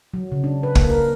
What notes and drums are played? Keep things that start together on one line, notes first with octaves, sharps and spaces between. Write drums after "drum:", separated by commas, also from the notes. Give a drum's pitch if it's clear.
F#3
C#3
D4
B4
A#3, drum: kick
A#4